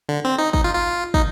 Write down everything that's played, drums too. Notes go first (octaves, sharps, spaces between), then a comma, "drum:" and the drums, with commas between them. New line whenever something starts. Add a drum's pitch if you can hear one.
D3
C4
D#4
D#4, drum: kick
F4
F4
D#4, drum: kick